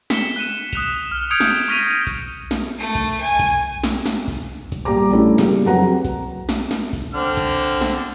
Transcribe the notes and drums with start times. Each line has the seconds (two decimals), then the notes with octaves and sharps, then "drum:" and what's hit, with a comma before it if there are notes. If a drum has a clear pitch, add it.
0.10 B6 C#7 E7 G7, drum: snare
0.36 F#6 D#7 E7
0.73 D#6 F#6 E7 F7, drum: kick B1, hi-hat
1.11 F6
1.31 D#6 G6 G#6 C#7 D7 F7
1.40 drum: snare
1.68 C#6 F6 A#6 B6 D#7 F7
2.07 drum: kick B1, hi-hat
2.51 drum: snare
2.79 A3
2.95 drum: kick B1, open hi-hat
3.20 G#5
3.39 drum: kick B1, hi-hat
3.84 drum: snare
4.06 drum: snare
4.28 drum: kick B1, open hi-hat
4.72 drum: kick B1, hi-hat
4.85 A#2 G3 A#5 D6
5.10 G3 A3 C#4 D4 E4 F#4
5.38 C#3 G3 A#3, drum: snare
5.66 F2 F#3 B4 F#5 A#5
6.05 drum: kick B1, hi-hat
6.49 drum: snare
6.71 drum: snare
6.93 drum: kick B1, open hi-hat
7.13 D3 C4 F6
7.37 drum: kick B1, hi-hat
7.81 drum: snare